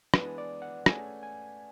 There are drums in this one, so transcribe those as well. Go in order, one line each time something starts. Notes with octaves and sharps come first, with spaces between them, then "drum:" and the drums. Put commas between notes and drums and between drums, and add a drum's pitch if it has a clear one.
E3 G#3 B3 D4 B4, drum: rim click
D5
F#5
A3 C#4 G#4 G#5, drum: rim click
G#5